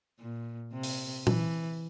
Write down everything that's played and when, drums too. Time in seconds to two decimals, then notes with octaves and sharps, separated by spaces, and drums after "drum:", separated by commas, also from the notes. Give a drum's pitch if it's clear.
0.19 A#2
0.73 C3
0.83 drum: open hi-hat
1.27 E3, drum: tom A#2